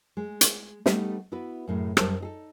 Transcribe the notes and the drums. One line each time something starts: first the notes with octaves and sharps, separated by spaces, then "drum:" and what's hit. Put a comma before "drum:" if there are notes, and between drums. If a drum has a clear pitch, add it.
G#3
drum: hi-hat
G3 A3 B3 C#4 D#4, drum: snare
B3 E4 F#4 B4
F#2 A2 C#3
F#2 G3 A#4 C5 A5, drum: rim click
D#4 G#4 A4